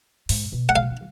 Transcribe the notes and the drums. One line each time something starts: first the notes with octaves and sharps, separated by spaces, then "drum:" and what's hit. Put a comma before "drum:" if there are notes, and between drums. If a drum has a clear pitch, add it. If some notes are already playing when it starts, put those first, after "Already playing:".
G#2, drum: open hi-hat
B2
F#5
B2 F5
D#3